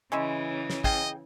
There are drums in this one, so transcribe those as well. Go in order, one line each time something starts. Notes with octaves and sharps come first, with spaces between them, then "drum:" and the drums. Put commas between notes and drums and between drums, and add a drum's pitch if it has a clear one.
C#3 E3 G#3 C#4 E4
drum: snare
G#4 D#5 F5 G5, drum: kick